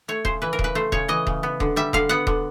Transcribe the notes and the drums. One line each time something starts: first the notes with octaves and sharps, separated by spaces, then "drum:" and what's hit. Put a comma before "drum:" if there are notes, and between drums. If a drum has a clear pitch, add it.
A3 C#5
C#3 C5, drum: kick D#1
E3 B4
A#4
C#3, drum: kick D#1
B4
A3 C5
C#3 C#5, drum: kick D#1
E3 D#5
C#3, drum: kick D#1
B3
D3, drum: kick D#1
G3 E5
D3 F5, drum: kick D#1
B3 F#5
D3, drum: kick D#1